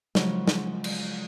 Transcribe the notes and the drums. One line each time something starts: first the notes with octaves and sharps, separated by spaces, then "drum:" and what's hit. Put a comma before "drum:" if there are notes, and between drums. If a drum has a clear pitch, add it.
C#3 F3 F#3 G#3, drum: snare
drum: snare
drum: cymbal